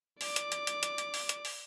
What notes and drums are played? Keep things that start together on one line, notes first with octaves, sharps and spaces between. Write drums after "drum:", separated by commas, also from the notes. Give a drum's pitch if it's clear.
D5 D6, drum: open hi-hat
drum: hi-hat
drum: hi-hat
drum: hi-hat
drum: hi-hat
drum: hi-hat
drum: open hi-hat
drum: hi-hat
drum: open hi-hat